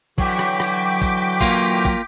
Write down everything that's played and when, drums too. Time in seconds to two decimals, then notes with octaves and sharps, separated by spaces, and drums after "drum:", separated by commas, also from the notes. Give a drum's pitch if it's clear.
0.18 D3 E3 F#3 F#4 C#5 G5 D6 B6, drum: kick
0.39 drum: rim click
0.60 drum: rim click
1.02 drum: kick, tambourine
1.41 A#3 F4, drum: kick
1.85 drum: kick, tambourine